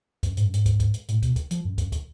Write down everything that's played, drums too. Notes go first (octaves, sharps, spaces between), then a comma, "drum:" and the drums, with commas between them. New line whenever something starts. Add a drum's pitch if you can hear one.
F#2, drum: kick, hi-hat
G#2, drum: hi-hat
F#2
G#2, drum: hi-hat
drum: kick, hi-hat
drum: kick, hi-hat
drum: hi-hat
A2, drum: hi-hat
B2, drum: kick, hi-hat
drum: kick, hi-hat
F3, drum: hi-hat
F#2
F#2, drum: kick, hi-hat
drum: kick, hi-hat